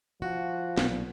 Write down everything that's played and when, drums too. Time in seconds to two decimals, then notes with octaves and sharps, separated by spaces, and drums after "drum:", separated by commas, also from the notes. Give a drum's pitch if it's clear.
0.22 F3 F#4
0.77 B1 A#2, drum: snare